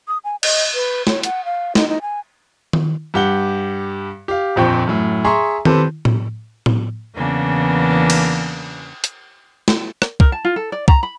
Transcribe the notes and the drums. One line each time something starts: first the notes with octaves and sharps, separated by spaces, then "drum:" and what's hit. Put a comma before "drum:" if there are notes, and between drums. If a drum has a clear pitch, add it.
D#6
G#5
D#5, drum: cymbal
B4
C#5, drum: snare
F#5, drum: hi-hat
F5
D#4, drum: snare
D#4
G#5
drum: tom D#3
G2 G4 F#5 G7
G4 F5
D#1 A#1 F2 C4 G5 C#6
F#2 A2
G#4 E5 A#5 C6 C#6
C4 G4 A4 B4, drum: tom D#3
drum: tom A2
drum: tom A2
E2 C#3 E3 A#3 B3 D4
drum: cymbal
drum: hi-hat
drum: snare
drum: rim click
A#4, drum: kick
A5
F4
A4
D5
A#5, drum: kick
B5